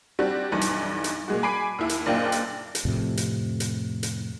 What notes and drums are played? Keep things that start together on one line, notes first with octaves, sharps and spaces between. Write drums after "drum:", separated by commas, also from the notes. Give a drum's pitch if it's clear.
G3 C4 D4 F#4 G4
B1 G2 E3
drum: hi-hat
drum: hi-hat
A#2 G#3 F#4
G#5 B5 D6 C7 D7
D#2 E4
drum: hi-hat
F#1 A#2 D4 F4 G5
drum: hi-hat
drum: hi-hat
F2 A2 C3
drum: hi-hat
drum: hi-hat
drum: hi-hat